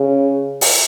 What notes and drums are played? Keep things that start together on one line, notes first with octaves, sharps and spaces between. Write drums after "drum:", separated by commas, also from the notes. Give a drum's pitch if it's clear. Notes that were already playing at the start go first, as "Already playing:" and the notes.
Already playing: C#3
drum: open hi-hat